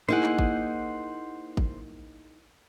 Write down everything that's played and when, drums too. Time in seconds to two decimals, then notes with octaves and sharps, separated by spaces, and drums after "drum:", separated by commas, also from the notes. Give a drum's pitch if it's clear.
0.09 A#3 D#4 E4 G#4 C5 F#5
0.23 drum: clap
0.38 drum: kick G1
1.57 drum: kick G1